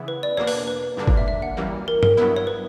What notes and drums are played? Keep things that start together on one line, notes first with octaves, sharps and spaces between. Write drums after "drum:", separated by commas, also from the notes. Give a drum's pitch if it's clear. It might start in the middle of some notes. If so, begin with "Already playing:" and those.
Already playing: C#3 E3 B3 E4
B4
D5
E2 B2 A#3 D4 C#5
B4, drum: open hi-hat
C#5
B4
B4
G2 D3 A#3 D4
D5, drum: kick G1
E5
E5
F#5
F#2 E3 G3 A#3
A#4
A#4, drum: tom G2
G2 F#3 B3 E4
C#5
B4